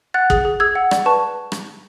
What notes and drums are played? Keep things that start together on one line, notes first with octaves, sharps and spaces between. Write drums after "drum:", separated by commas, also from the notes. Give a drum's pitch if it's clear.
F#5 F#6 A6
G#4, drum: kick
G#4
G#4 E6 G#6
F#5
D5, drum: rim click
B4 A5 C#6
drum: rim click